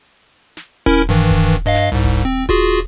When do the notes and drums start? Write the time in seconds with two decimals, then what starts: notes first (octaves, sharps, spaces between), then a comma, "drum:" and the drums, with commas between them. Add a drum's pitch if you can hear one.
0.57 drum: snare
0.86 C#4 E4 A#4, drum: kick D#1
1.09 G2 D#3 E3
1.31 drum: kick D#1
1.65 G2 D#5 F5
1.75 drum: snare
1.92 C2 G#2
2.05 drum: kick D#1
2.25 C4
2.49 F4 F#4 G#4, drum: kick D#1